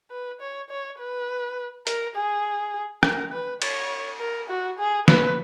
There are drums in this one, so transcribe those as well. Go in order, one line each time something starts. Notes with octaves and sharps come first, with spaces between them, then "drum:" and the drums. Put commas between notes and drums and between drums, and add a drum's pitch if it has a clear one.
B4
C#5
C#5
B4
A#4, drum: hi-hat
G#4
A#4, drum: rim click
B4
C#5, drum: cymbal
A#4
F#4
G#4
B4, drum: snare